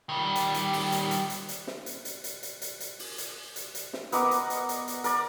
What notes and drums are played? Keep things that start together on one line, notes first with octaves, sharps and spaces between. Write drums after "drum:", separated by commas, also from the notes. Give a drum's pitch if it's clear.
D#3 G3
drum: hi-hat
drum: hi-hat
drum: open hi-hat
drum: hi-hat
drum: hi-hat
drum: hi-hat
drum: hi-hat
drum: snare
drum: hi-hat
drum: hi-hat
drum: hi-hat
drum: hi-hat
drum: hi-hat
drum: hi-hat
drum: open hi-hat
drum: hi-hat
drum: hi-hat
drum: hi-hat
drum: snare
B3 A#4 D#5 D6, drum: hi-hat
drum: hi-hat
drum: hi-hat
drum: hi-hat
drum: hi-hat
A#4 D5, drum: hi-hat